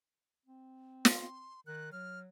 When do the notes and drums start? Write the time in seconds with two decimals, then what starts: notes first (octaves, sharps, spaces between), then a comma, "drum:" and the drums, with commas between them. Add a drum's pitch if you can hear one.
0.46 C4
1.05 C6, drum: snare
1.67 D#3 F#6
1.92 F#3 F6